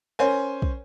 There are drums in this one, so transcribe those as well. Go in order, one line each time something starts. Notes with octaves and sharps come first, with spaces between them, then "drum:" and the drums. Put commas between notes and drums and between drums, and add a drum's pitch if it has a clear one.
C#4 A#4 C5 C#5 G#5
drum: kick